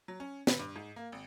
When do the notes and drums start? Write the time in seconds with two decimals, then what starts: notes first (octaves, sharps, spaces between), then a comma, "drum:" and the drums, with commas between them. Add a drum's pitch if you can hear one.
0.08 F#3
0.20 C#4
0.47 B4, drum: snare
0.59 G2
0.76 G#2
0.96 A#3
1.12 G#1